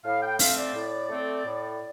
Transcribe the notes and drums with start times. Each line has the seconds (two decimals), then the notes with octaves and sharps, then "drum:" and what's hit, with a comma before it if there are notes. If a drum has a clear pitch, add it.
0.04 A2 F5
0.22 G5
0.39 A3 C4 F5, drum: open hi-hat
0.57 D5
0.74 A2
1.09 A3 C4
1.45 A2